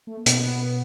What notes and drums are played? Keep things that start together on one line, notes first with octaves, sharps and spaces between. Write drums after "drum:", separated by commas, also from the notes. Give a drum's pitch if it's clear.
A3
A#3
B2 B3, drum: hi-hat